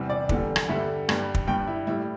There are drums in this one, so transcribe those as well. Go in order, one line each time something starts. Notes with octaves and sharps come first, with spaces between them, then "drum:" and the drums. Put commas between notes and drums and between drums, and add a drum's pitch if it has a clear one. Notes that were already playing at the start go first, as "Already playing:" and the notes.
Already playing: E2 C3 G3
D5
E2 D3 G3, drum: kick
drum: rim click
G2 D3 G3 E5
G2 G3, drum: rim click
drum: kick
G2 G3 G5
E4
A2 G3 E4